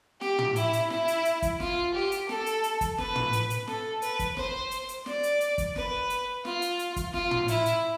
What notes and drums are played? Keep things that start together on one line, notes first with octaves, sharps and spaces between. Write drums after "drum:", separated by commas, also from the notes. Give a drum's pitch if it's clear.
G4, drum: snare
drum: tom
E4, drum: hi-hat
drum: hi-hat
E4, drum: snare
drum: hi-hat
drum: hi-hat
drum: kick, hi-hat
F4, drum: snare
G4
drum: hi-hat
A4, drum: snare
drum: hi-hat
drum: hi-hat
drum: kick, hi-hat
B4, drum: snare
drum: tom
drum: hi-hat
drum: hi-hat
A4, drum: snare
B4, drum: hi-hat
drum: kick, hi-hat
C5, drum: snare
drum: hi-hat
drum: hi-hat
D5, drum: snare
drum: hi-hat
drum: hi-hat
drum: kick, hi-hat
B4, drum: snare
drum: hi-hat
F4, drum: snare
drum: hi-hat
drum: hi-hat
drum: kick, hi-hat
F4, drum: snare
drum: tom
E4, drum: hi-hat
drum: hi-hat